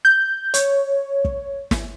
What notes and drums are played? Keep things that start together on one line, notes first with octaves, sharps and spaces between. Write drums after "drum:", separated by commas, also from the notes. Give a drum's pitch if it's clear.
G6
C#5, drum: hi-hat
drum: kick
drum: snare